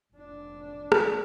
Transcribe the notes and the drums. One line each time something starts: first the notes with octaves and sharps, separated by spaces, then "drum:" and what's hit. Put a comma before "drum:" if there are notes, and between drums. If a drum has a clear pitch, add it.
F1 D4
drum: rim click